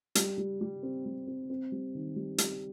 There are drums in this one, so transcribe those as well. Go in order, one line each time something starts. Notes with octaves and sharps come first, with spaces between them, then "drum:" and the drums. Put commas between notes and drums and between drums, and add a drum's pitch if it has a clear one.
G3, drum: hi-hat
G3
G3
C4
G3
C4
C4
G3
D#3
G3
G3, drum: hi-hat